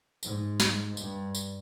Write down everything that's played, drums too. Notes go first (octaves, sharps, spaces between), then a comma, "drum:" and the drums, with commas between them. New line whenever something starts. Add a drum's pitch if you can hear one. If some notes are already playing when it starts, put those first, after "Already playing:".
G#2, drum: tambourine
drum: snare
G2, drum: tambourine
drum: tambourine